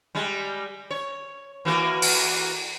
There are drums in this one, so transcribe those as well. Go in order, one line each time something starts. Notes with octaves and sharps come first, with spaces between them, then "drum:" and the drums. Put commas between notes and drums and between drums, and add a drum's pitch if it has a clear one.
G3 G#3
C#5
E3 A#3 F#4
drum: open hi-hat